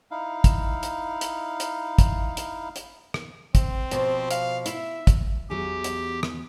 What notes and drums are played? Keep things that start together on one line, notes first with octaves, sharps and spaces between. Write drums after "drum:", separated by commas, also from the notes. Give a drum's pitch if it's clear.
D#4 E4 F5
drum: kick, hi-hat
drum: hi-hat
drum: hi-hat
drum: hi-hat
drum: kick, hi-hat
drum: hi-hat
drum: hi-hat
drum: rim click
C4, drum: kick, hi-hat
B2 F3, drum: hi-hat
F5, drum: hi-hat
E4 E5, drum: hi-hat
drum: kick, hi-hat
E2 F#3 G4 G#4
drum: hi-hat
drum: rim click